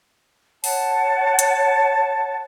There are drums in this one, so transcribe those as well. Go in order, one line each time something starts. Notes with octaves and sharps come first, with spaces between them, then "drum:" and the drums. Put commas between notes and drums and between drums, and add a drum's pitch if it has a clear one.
C#5 F#5 A5, drum: open hi-hat
drum: hi-hat